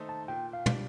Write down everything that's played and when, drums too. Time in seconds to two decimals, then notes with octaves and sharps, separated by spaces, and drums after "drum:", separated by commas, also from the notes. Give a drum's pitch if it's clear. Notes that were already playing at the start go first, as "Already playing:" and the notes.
Already playing: D#3 A3 D#4 A4 C5
0.09 A5
0.28 A#2 G5
0.53 F5
0.66 G3 D4, drum: tom